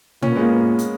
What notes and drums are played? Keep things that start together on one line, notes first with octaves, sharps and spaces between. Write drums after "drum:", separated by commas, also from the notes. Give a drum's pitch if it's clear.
A#2 C#4, drum: tom
B3
G#3
A#3
B3
drum: hi-hat